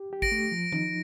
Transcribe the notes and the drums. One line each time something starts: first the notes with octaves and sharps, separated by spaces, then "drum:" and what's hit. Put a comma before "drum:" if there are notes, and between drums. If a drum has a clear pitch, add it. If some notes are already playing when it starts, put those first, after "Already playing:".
Already playing: G4
G4
A#6 D7, drum: kick A1
A3
F3
D#4, drum: tom D#3